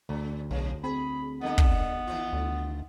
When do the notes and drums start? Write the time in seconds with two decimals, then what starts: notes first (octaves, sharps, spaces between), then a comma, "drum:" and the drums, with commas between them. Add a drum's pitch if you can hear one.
0.09 D2 C#3
0.51 B1 C3
0.84 C4 G#4 B5
1.41 D3 G3 B3 A4
1.58 drum: kick
2.07 D#3 C4 F4
2.33 D2